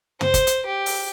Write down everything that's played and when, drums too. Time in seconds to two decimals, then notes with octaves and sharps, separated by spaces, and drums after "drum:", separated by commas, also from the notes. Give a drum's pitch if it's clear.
0.21 C5, drum: tom
0.34 drum: kick, hi-hat
0.47 drum: hi-hat
0.66 G4
0.86 drum: open hi-hat